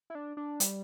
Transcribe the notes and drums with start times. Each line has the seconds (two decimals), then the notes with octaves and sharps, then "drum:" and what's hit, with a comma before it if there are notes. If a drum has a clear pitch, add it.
0.10 E4
0.15 D4
0.37 D4
0.60 G3, drum: hi-hat